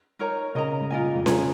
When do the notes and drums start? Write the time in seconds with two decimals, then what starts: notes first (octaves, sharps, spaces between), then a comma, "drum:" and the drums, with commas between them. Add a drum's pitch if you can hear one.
0.19 D#4 A#4 C#5 A#5
0.55 C#3 A#4 D#5 A#5
0.81 G#2
0.90 A#2 F4 A#4 D#5 G#5
1.02 G#2
1.14 F2
1.26 C#3 G#4 C#5 A#5, drum: snare C#4